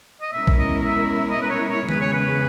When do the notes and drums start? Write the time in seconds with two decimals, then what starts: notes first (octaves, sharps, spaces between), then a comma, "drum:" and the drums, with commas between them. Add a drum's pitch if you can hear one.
0.21 D#5
0.32 B2 G#3 C#4 E4 A#4 E5
0.47 drum: kick
0.58 D#5
0.85 E5
1.11 E5
1.31 D#5
1.42 B4
1.50 C#5
1.70 C#5
1.89 E2 C#3 G#3 C#4 G#4 B4, drum: tom D#3
2.01 C#5
2.13 B4